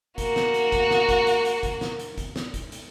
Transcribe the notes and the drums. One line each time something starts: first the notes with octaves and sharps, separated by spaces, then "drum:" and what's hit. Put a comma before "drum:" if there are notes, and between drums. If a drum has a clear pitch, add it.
A#3 F#4, drum: kick F#1, hi-hat
drum: snare
drum: hi-hat
drum: kick F#1, hi-hat
drum: snare
drum: kick F#1, hi-hat
drum: hi-hat
drum: hi-hat
drum: kick F#1, hi-hat
drum: snare
drum: hi-hat
drum: kick F#1, hi-hat
drum: snare
drum: kick F#1, hi-hat
drum: hi-hat